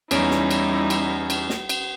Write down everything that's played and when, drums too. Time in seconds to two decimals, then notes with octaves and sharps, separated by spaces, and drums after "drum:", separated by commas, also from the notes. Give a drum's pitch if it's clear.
0.11 E2 G3 C#4 D#4 E4 D7, drum: cymbal
0.31 drum: snare
0.51 drum: cymbal
0.90 drum: cymbal
1.30 drum: cymbal
1.50 drum: snare
1.69 drum: cymbal